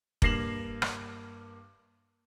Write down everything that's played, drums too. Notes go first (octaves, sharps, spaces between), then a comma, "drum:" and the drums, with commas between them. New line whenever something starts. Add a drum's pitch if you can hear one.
G2 A#3 A#6 C7 E7 F#7, drum: kick F1
drum: rim click